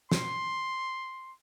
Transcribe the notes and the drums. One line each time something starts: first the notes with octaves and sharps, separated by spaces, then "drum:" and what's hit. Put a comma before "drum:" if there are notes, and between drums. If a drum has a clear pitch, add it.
C6, drum: snare